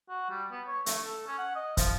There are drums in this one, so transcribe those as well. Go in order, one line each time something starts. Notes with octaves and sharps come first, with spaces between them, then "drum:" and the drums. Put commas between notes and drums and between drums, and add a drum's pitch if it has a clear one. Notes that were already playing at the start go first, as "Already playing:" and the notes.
F#4
G3
B3
C#5
A3, drum: hi-hat
A4
C#4
F#5
D#5
F3, drum: kick, hi-hat